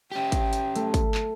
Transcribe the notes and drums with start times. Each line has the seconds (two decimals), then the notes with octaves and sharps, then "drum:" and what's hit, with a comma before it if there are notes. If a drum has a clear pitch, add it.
0.12 C#4 G4 G5
0.32 drum: kick, hi-hat
0.53 drum: hi-hat
0.76 A3, drum: hi-hat
0.94 drum: kick, hi-hat
1.14 drum: clap